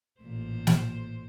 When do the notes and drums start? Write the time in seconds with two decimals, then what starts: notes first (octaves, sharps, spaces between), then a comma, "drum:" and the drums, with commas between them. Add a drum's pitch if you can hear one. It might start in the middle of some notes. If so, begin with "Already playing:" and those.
0.21 A1 A#2 C5
0.67 drum: snare